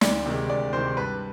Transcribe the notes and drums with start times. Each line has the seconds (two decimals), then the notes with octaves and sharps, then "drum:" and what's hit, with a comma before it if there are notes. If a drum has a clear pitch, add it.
0.01 D2 D5, drum: snare
0.25 C3 D#3 G#3
0.49 D2 D5
0.72 C3 D#3 G#3 C5
0.97 G2 B4